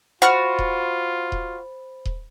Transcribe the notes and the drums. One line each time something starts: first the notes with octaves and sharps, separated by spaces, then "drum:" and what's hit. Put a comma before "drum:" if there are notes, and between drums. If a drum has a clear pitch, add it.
F4 F#4 C5 F#5 B5 C#6 F6 A6
drum: kick D#1
drum: kick D#1
drum: kick D#1